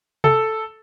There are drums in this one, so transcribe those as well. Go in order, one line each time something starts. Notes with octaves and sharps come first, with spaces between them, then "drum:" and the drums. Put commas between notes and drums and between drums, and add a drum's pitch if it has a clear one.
A4, drum: tom C3